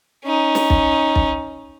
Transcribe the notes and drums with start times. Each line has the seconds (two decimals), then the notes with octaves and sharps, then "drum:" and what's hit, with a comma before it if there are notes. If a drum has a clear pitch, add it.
0.25 C#4 D#4
0.55 drum: snare
0.70 drum: kick
1.16 drum: kick